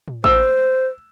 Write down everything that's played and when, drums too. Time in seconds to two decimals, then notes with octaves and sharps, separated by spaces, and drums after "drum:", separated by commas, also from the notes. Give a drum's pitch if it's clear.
0.08 drum: tom A2
0.24 C5 E6, drum: kick